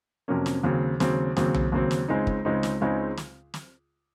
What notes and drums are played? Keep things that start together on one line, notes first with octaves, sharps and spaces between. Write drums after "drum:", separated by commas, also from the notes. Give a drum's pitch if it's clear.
F2 C3 F#3 A#3 C#4
drum: snare
D#2 C#3 F#3 C4
D#2 C#3 F#3 C4, drum: snare
D#2 C#3 F#3 C4, drum: snare
drum: tom B1
D#2 C#3 F#3 C4
drum: snare
C#2 C#3 G#3 C4 D#4
drum: kick
C#2 C#3 G#3 C4 D#4
drum: snare
C#2 C#3 G#3 C4 D#4
drum: snare
drum: snare